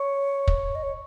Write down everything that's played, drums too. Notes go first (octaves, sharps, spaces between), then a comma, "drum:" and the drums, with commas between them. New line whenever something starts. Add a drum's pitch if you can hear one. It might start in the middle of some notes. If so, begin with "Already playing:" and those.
Already playing: C#5 C#6
drum: kick
D#5
C#5